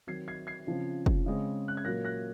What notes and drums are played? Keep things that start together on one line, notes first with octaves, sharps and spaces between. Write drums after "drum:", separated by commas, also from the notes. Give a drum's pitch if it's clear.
D#3 F#3 C4 G#6 C7
G#6 C7
G#6 C7
C#3 F3 C4
drum: kick
C#3 G#3 C4
F#6
G#6
A#2 F#3 A#3 F#6 A#6
F#6 A#6